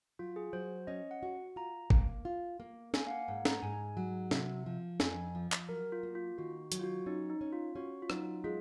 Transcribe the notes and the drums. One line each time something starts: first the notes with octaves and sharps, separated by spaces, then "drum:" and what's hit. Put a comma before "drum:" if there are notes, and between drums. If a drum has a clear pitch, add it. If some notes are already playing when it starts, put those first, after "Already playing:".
F#3 F4
G#4
F#3 C5
C#4 D#5
F#5
F#4
F4 A#5
A#3, drum: kick G1
F4
A#3
A#3 G#5, drum: snare
F5
F#5
G#2 F#5
A#5, drum: snare
G#2 G#5
F#3
C3, drum: snare
F3
F2 G#5, drum: snare
F3
drum: clap
F#3 A#4
F4
A#3
F4
D#3 F#4
F#3, drum: hi-hat
F4
F#4
C#4 D#4
D#4
C#4
F4
C#4 F#4
F4
F#3 D#4, drum: rim click
G#3 F4